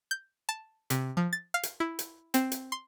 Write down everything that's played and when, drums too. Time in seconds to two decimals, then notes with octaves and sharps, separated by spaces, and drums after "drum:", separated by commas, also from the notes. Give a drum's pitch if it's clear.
0.11 G6
0.49 A5
0.90 C3, drum: hi-hat
1.17 F3
1.33 A6
1.54 F5
1.63 drum: hi-hat
1.80 E4
1.99 drum: hi-hat
2.34 C4, drum: hi-hat
2.52 drum: hi-hat
2.72 C6